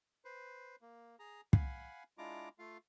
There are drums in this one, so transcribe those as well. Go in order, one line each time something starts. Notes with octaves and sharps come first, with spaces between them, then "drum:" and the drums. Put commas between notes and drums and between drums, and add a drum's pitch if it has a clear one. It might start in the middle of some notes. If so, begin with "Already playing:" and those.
B4 C5
A#3
G#4 A#5
F5 F#5 G#5 B5, drum: kick
G#3 D4 E4 F4 A#5 D6
A3 F4 F5